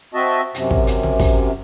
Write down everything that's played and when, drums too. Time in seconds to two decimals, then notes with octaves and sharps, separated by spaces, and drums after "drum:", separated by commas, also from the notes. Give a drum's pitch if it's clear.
0.14 C4 F#4 D#5 E5 A5
0.54 F#2 C3, drum: hi-hat
0.71 drum: kick
0.87 drum: hi-hat
1.03 drum: tom
1.20 drum: kick, open hi-hat